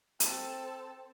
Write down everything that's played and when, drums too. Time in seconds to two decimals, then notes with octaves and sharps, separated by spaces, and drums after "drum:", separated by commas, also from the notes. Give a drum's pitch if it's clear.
0.20 C4 A4, drum: hi-hat